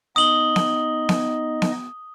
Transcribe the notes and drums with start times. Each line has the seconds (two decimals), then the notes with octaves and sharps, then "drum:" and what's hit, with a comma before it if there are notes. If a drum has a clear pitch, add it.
0.16 B3 D#4 D#5 D#6 F#7 G7
0.56 drum: snare B3
1.09 drum: snare B3
1.62 drum: snare B3